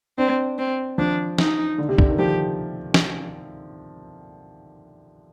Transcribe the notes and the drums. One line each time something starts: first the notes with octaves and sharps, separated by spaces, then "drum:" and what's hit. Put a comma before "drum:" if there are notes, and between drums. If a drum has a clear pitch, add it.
C4 D4
C4
F3 D4
D#4, drum: snare
D3
C3
D3, drum: kick
D#3
F3 G4
drum: snare